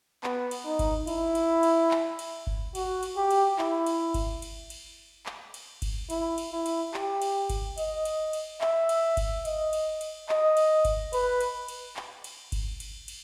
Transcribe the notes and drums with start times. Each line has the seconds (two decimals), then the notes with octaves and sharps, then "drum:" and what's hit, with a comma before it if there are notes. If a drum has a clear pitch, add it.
0.24 B3, drum: clap
0.51 drum: cymbal
0.65 D#4
0.79 drum: kick G1, cymbal
1.07 E4, drum: cymbal
1.35 drum: cymbal
1.63 drum: cymbal
1.91 drum: clap
2.19 drum: cymbal
2.47 drum: kick G1
2.75 F#4, drum: cymbal
3.03 drum: cymbal
3.16 G4
3.31 drum: cymbal
3.59 E4, drum: clap
3.86 drum: cymbal
4.14 drum: kick G1, cymbal
4.42 drum: cymbal
4.70 drum: cymbal
5.26 drum: clap
5.54 drum: cymbal
5.82 drum: kick G1, cymbal
6.10 E4, drum: cymbal
6.38 drum: cymbal
6.52 E4
6.66 drum: cymbal
6.94 G4, drum: clap
7.22 drum: cymbal
7.50 drum: kick G1, cymbal
7.78 D#5, drum: cymbal
8.05 drum: cymbal
8.33 drum: cymbal
8.61 E5, drum: clap
8.89 drum: cymbal
9.17 drum: kick G1, cymbal
9.45 D#5, drum: cymbal
9.73 drum: cymbal
10.01 drum: cymbal
10.29 D#5, drum: clap
10.57 drum: cymbal
10.85 drum: kick G1, cymbal
11.13 B4, drum: cymbal
11.40 drum: cymbal
11.68 drum: cymbal
11.96 drum: clap
12.24 drum: cymbal
12.52 drum: kick G1, cymbal
12.80 drum: cymbal
13.08 drum: cymbal